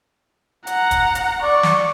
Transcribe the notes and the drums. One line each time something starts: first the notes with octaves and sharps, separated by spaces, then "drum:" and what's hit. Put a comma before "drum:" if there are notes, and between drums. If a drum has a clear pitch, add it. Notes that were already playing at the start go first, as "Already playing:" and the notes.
F#5 A#5, drum: hi-hat
drum: kick, hi-hat
drum: hi-hat
D5 C#6
drum: snare